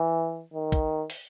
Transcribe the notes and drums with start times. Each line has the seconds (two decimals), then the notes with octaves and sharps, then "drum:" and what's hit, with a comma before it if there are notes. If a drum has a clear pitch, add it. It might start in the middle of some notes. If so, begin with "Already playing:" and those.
Already playing: E3
0.54 D#3
0.72 drum: kick, hi-hat
1.10 drum: open hi-hat